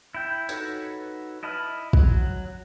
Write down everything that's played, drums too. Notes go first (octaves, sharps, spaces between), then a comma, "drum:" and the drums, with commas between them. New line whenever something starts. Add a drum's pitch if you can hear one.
E4 G5
D#4 F#4 A4 B4 C#5, drum: tambourine
E4 D#5 A5 B5 F6
F#3, drum: kick